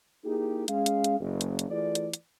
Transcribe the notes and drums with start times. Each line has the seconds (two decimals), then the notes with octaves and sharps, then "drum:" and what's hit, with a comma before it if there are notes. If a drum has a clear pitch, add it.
0.24 A#3 D#4 E4 G4 G#4
0.68 G#3 C#4 F5, drum: hi-hat
0.86 drum: hi-hat
1.04 drum: hi-hat
1.19 F#1
1.41 drum: hi-hat
1.59 drum: hi-hat
1.69 E3 A3 F4 G#4 D5
1.95 drum: hi-hat
2.13 drum: hi-hat